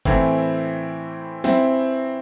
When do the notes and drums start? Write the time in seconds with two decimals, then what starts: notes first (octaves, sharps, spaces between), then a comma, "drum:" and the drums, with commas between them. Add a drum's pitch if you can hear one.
0.05 A2 E3 A3 C4 E4, drum: kick G1
1.44 C4 E4, drum: snare